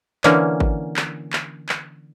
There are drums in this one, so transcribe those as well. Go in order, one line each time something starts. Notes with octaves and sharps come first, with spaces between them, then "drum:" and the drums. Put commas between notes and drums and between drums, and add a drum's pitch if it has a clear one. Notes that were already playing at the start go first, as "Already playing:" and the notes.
D3 E3 A#3 C#4, drum: clap
drum: kick G#1
drum: clap
drum: clap
drum: clap